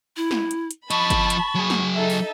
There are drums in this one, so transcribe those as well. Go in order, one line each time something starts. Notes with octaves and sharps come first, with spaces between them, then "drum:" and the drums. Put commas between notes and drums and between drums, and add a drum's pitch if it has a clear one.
E4
drum: snare
drum: hi-hat
drum: hi-hat
F3 D#5 A5 B5 C#6, drum: hi-hat
drum: kick G1, hi-hat
drum: hi-hat
F#3 G#4
drum: snare
D#4 A4 E5
drum: open hi-hat